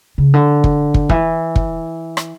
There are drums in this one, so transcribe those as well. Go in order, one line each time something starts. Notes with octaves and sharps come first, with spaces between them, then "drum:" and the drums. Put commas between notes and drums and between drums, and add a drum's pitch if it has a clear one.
C#3
D3
drum: kick
drum: kick
E3, drum: kick
drum: kick
drum: rim click